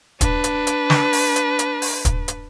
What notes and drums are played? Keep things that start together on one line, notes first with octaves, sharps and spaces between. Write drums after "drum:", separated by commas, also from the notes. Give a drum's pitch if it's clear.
D4 B4, drum: kick, hi-hat
drum: hi-hat
drum: hi-hat
drum: snare
drum: open hi-hat
drum: hi-hat
drum: hi-hat
drum: open hi-hat
drum: kick, hi-hat
drum: hi-hat